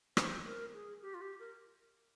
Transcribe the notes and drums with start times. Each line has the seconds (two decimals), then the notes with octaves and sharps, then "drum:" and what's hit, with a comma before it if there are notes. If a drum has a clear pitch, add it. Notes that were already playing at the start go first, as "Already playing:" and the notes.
0.17 C5, drum: rim click
0.46 A#4
0.74 G#4
1.02 G4
1.14 F4
1.21 G4
1.40 A#4